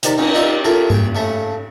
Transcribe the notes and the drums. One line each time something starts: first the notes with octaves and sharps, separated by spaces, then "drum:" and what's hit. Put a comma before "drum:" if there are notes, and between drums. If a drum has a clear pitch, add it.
C3 D#3 D5 A#5 B5, drum: hi-hat
C#4 D#4, drum: cymbal
D#4 F4 D5 E5
E4 F4 A4 A#4
G#4 G5, drum: tom G#2
C#3 A3